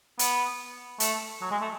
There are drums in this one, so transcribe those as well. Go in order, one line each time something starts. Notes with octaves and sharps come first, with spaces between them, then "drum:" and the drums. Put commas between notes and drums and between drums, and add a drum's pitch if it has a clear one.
B3, drum: hi-hat
A3, drum: hi-hat
F#3
G#3
A3